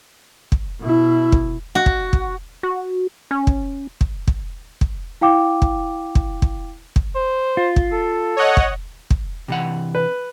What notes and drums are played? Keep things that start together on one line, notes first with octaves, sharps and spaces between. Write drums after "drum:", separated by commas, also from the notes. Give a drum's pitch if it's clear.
drum: kick
B2 E4
drum: kick
F#4
drum: kick
drum: kick
F#4
C#4
drum: kick
drum: kick
drum: kick
drum: kick
E4 F5 G5 D6
drum: kick
drum: kick
drum: kick
drum: kick
C5
F4
drum: kick
A4
C#5 D#5 F#5
drum: kick
drum: kick
C3 E3 F#5
B4